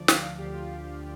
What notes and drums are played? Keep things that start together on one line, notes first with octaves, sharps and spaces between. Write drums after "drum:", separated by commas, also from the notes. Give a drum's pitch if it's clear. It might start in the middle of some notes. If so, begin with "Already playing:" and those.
Already playing: D2 D3 F3 D5
F5, drum: snare
F5
D2 D3 F3 G4
F4